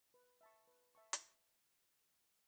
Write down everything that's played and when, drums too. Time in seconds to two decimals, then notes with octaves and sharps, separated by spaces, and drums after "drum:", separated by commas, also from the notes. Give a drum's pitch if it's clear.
0.14 B4
0.41 E5 A5 C#6
0.67 B4
0.95 E5 A5 C#6
1.13 drum: hi-hat